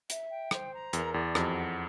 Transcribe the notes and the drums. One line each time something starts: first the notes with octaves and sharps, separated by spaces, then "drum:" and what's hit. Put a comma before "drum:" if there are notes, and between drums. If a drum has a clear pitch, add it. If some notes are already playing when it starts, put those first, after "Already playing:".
E5, drum: hi-hat
G5
C5, drum: rim click
A#5
E2 A#4, drum: hi-hat
E2 D5
F2 G4, drum: rim click
F#5